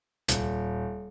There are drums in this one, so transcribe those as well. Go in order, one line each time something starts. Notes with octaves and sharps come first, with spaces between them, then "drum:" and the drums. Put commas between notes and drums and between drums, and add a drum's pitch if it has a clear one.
D#1, drum: hi-hat